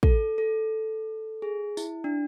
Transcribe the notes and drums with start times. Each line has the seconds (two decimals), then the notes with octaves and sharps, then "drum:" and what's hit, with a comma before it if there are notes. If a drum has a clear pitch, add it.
0.03 A4, drum: kick
0.38 A4
1.42 G#4
1.77 E4, drum: tambourine
2.04 D4